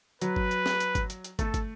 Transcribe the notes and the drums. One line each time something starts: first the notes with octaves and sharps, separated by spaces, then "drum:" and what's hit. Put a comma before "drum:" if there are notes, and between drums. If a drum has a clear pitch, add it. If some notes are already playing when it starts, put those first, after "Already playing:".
F#3 B4, drum: hi-hat
drum: kick
drum: hi-hat
drum: snare
drum: hi-hat
drum: kick, hi-hat
drum: hi-hat
drum: hi-hat
A3 A4, drum: kick, hi-hat
drum: kick, hi-hat